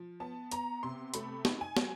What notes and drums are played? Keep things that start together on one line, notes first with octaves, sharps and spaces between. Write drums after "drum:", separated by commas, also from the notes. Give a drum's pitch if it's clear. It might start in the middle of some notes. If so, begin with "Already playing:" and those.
Already playing: F3
B3 A5
B3 A#5, drum: hi-hat
C3 C6
A3 B5, drum: hi-hat
D#4, drum: snare
G#5
F#3, drum: snare